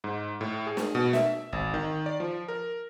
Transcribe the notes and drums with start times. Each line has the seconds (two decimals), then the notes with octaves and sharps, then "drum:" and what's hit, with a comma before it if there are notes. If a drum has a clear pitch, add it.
0.04 G#2
0.41 A2
0.67 G#4
0.77 drum: snare
0.95 B2
1.13 E5, drum: snare
1.53 G#1, drum: kick
1.74 D#3
2.06 D5
2.20 F3
2.48 A#4